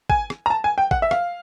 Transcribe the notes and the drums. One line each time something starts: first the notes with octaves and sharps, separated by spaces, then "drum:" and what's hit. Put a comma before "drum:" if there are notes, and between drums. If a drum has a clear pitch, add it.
G#5, drum: kick G#1
drum: rim click
A#5
A5
G#5
G5
F#5, drum: kick G#1
E5
F5, drum: rim click